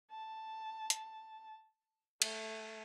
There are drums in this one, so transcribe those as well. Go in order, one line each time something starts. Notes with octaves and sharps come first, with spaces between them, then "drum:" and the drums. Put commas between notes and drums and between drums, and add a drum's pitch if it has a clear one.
A5
drum: hi-hat
A3, drum: cymbal